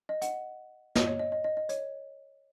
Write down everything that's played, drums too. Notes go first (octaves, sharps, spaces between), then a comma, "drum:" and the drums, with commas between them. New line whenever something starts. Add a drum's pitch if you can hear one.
D#5
F#5, drum: hi-hat
D#5, drum: snare
C#5
D#5
D#5
D#5
D#5
C#5, drum: hi-hat